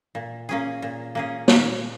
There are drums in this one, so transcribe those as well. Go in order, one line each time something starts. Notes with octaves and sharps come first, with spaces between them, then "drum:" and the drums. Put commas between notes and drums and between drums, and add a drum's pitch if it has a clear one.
A#2
A#3 C#4 G#4
A#2
A#3 C#4 G#4
A#2, drum: snare